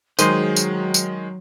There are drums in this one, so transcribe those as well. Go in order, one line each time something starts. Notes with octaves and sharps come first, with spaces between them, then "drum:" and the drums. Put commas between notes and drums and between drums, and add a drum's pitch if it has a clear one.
D#3 F#3 G#3 G#4 C5 C7, drum: tambourine
drum: tambourine
drum: tambourine